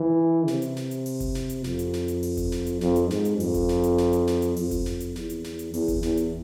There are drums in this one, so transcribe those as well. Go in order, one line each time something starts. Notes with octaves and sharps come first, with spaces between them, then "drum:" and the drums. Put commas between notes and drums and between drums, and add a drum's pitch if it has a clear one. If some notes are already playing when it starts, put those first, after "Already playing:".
Already playing: E3
C3, drum: snare
drum: hi-hat
drum: snare
drum: hi-hat
drum: open hi-hat
drum: kick F#1, hi-hat
drum: snare
drum: hi-hat
F2, drum: snare
drum: hi-hat
drum: snare
drum: hi-hat
drum: open hi-hat
drum: kick F#1, hi-hat
drum: snare
drum: hi-hat
F2, drum: snare
drum: hi-hat
G#2, drum: snare
drum: hi-hat
F2, drum: open hi-hat
drum: kick F#1, hi-hat
drum: snare
drum: hi-hat
drum: snare
drum: hi-hat
drum: snare
drum: hi-hat
F2, drum: open hi-hat
drum: kick F#1, hi-hat
drum: snare
drum: hi-hat
E2, drum: snare
drum: hi-hat
drum: snare
drum: hi-hat
E2, drum: open hi-hat
drum: kick F#1, hi-hat
E2, drum: snare
drum: hi-hat